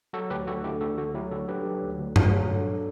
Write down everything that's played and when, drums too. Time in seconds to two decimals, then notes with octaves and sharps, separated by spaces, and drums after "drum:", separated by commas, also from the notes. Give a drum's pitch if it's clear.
0.13 F#3 F#4 A4
0.30 D2 G4 B4
0.47 D2 F#4 A4
0.64 D3 E4 G4
0.81 D2 F#4 A4
0.98 D2 F#4 A4
1.15 F#3 E4 G4
1.31 D3 F#4 A4
1.48 D3 G4 B4
1.66 F#3
1.83 D2
1.99 D2
2.16 F#3, drum: tom G2
2.33 F#3
2.50 D3